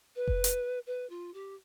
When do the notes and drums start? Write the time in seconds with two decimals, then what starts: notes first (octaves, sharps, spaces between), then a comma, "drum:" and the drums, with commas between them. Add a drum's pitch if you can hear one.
0.16 B4
0.28 drum: kick F1
0.44 drum: hi-hat
0.87 B4
1.10 F4
1.34 G4